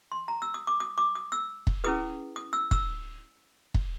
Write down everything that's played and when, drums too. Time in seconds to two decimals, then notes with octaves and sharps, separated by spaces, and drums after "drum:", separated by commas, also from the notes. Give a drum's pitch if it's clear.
0.12 C6
0.28 A#5
0.42 E6
0.54 D#6
0.67 D6
0.80 D#6
0.98 D6
1.15 D#6
1.32 E6
1.67 drum: kick
1.84 C#4 E4 G#4 B4 D#6
2.36 D#6
2.53 E6
2.71 E6, drum: kick
3.74 drum: kick